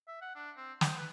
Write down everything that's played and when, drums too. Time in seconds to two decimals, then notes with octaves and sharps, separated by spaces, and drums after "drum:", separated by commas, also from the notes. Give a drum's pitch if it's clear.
0.08 E5
0.22 F#5
0.35 D4
0.57 C4
0.81 C5, drum: snare
0.98 B4